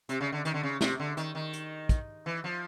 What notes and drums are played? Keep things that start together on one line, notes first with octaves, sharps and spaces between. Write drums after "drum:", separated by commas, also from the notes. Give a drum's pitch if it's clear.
C3, drum: hi-hat
C#3
D3
D#3, drum: hi-hat
D3
C#3
C3, drum: snare
D3
D#3, drum: hi-hat
D#3
drum: hi-hat
drum: kick, hi-hat
E3
F3